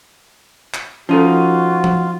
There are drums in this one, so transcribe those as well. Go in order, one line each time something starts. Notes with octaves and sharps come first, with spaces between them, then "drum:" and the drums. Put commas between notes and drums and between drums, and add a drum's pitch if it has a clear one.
drum: clap
F3 C#4 D#4 F4 F#4 A4
drum: tom F3